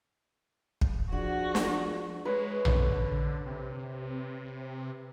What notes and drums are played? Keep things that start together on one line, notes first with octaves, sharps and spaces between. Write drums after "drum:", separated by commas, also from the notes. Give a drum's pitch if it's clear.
drum: kick
F3 D4 F#4 G#4 D5 F#5
drum: snare
G#3 B4 C#5
D3, drum: tom A#1
C3